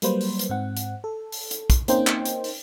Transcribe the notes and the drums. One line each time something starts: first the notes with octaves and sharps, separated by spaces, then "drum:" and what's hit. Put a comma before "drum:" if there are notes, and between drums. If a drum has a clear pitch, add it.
F#3 G3 A#3 B4 C5, drum: hi-hat
drum: open hi-hat
drum: hi-hat
G#2 C4 F#5
drum: hi-hat
A4
drum: open hi-hat
drum: hi-hat
drum: kick, hi-hat
A#3 C4 C#4 D#4 C5 G5, drum: hi-hat
drum: clap
drum: hi-hat
drum: open hi-hat